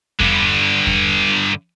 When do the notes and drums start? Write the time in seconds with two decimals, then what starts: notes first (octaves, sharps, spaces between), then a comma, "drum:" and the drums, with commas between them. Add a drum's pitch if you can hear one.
0.20 G2 D3, drum: kick E2
0.87 drum: kick E2